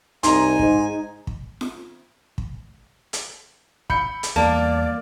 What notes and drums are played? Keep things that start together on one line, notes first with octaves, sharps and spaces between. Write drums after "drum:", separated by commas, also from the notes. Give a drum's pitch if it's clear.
C2 D#4 G#5 A#5 C6, drum: hi-hat
G#2, drum: kick
drum: kick
drum: snare F4
drum: kick
drum: hi-hat
B5 G6 C#7, drum: kick
drum: hi-hat
E2 E3 G3 A#3 D5 A5